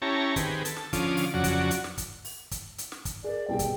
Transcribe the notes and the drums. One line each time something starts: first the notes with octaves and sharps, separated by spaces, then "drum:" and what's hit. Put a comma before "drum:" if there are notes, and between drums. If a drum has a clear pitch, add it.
C#4 E4 G4 C#5 A5 A#5
D#3 C4 G4 G#4 B4, drum: kick, hi-hat
A4, drum: hi-hat
drum: snare
D3 F3 C#4 F4 D6 D#6, drum: kick, hi-hat
drum: open hi-hat
F2 C#3 F#3 F#4 D5
drum: kick, hi-hat
drum: hi-hat
drum: snare
drum: kick, hi-hat
drum: open hi-hat
drum: kick, hi-hat
drum: hi-hat
drum: snare
drum: kick, hi-hat
G#4 A#4 D5
C2 B2 G#4 G5
drum: kick, hi-hat